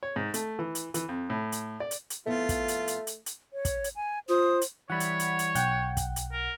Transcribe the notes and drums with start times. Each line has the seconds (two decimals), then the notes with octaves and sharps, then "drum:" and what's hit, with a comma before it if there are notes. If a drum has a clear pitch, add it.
0.03 C#5
0.16 G#2
0.34 A3, drum: hi-hat
0.59 E3
0.75 drum: hi-hat
0.94 E3, drum: hi-hat
1.09 F2
1.30 A2
1.52 drum: hi-hat
1.80 D5
1.91 drum: hi-hat
2.10 drum: hi-hat
2.26 F2 A3 B3 E4 F4
2.49 drum: kick, hi-hat
2.68 drum: hi-hat
2.88 drum: hi-hat
3.07 drum: hi-hat
3.26 drum: hi-hat
3.53 C#5
3.65 drum: kick, hi-hat
3.84 drum: hi-hat
3.96 G#5
4.29 F4 C5 D#6
4.61 drum: hi-hat
4.90 E3 G3 C#5 F#5 B5
5.00 drum: hi-hat
5.19 drum: hi-hat
5.39 drum: hi-hat
5.55 B1 F#5 G5, drum: hi-hat
5.97 drum: kick, hi-hat
6.16 drum: hi-hat
6.32 A#4